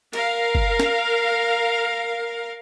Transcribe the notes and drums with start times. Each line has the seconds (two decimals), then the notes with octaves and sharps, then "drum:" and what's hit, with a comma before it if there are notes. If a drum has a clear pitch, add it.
0.13 A#4 F5, drum: cymbal
0.55 drum: kick F#1
0.80 drum: snare